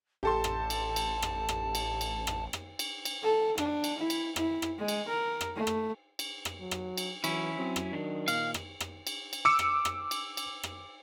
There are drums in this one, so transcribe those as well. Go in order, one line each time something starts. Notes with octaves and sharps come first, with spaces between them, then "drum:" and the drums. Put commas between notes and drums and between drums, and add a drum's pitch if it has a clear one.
A1 G4 A4 A5 C6
drum: rim click
drum: cymbal
drum: cymbal
drum: rim click
drum: rim click
drum: cymbal
drum: cymbal
drum: rim click
drum: rim click
drum: cymbal
drum: cymbal
A4
D4, drum: rim click
drum: cymbal
E4
drum: cymbal
E4, drum: rim click
drum: rim click
G#3
drum: cymbal
A#4
drum: rim click
A3
drum: rim click
drum: cymbal
drum: rim click
F#3
drum: rim click
drum: cymbal
E3 F#3 C#4 E4, drum: cymbal
F#3 C4
drum: rim click
D#3 F#3 D4
A#2 F5, drum: cymbal
drum: rim click
drum: rim click
drum: cymbal
drum: cymbal
D6 E6 C#7
drum: rim click
drum: rim click
drum: cymbal
drum: cymbal
drum: rim click